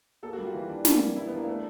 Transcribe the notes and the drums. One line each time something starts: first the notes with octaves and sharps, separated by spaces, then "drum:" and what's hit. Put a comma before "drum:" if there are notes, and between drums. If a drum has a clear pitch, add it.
A#3 A4
F#4
G3
F4
E3
D4
A#3, drum: snare
G3
E3 E4
B3
A#3 D4
A3 B3